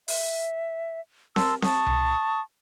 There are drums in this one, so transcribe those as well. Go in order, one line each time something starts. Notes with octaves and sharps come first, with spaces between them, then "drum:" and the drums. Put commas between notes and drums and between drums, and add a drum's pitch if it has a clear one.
E5, drum: open hi-hat
A#4 A5 C6 E6, drum: snare C4
A5 C#6 D#6, drum: snare C4
drum: tom C2